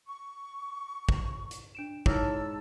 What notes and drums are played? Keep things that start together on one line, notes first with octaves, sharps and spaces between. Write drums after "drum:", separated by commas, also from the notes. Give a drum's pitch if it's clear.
C#6
drum: kick
drum: hi-hat
D4 D7 E7
G#2 E4 A#4 C#5 A5 E6, drum: kick